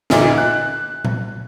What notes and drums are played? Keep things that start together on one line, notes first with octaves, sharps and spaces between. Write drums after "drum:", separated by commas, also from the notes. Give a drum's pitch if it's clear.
A1 D2 A#2 D#4, drum: snare
F#6
drum: tom A#2